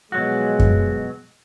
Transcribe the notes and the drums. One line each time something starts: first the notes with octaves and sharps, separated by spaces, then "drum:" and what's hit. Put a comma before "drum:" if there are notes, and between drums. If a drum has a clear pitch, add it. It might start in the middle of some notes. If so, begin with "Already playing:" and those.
B2 F3 F#3 G#3 F#4
drum: kick F#2